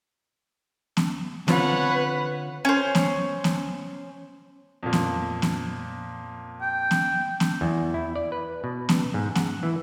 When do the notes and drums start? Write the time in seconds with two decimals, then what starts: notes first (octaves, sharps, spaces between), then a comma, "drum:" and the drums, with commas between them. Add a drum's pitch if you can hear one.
0.97 drum: snare B3
1.48 D3 C4 F4 B4 C#5 F#5, drum: snare B3
2.65 C#4 C5
2.95 drum: snare B3
3.44 drum: snare B3
4.83 F2 A#2
4.93 drum: snare B3
5.42 drum: snare B3
6.61 G5
6.91 drum: snare B3
7.40 drum: snare B3
7.61 E2
7.94 E4
8.15 D5
8.32 B4
8.64 B2
8.89 drum: snare B3
9.14 G#2
9.35 F#5, drum: snare B3
9.63 E3